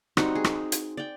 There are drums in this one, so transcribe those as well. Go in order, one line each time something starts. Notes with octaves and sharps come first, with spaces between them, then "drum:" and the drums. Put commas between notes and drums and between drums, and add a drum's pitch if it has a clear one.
G3 C4 D#4 F#4, drum: rim click
G#4
drum: rim click
drum: hi-hat
D5 G5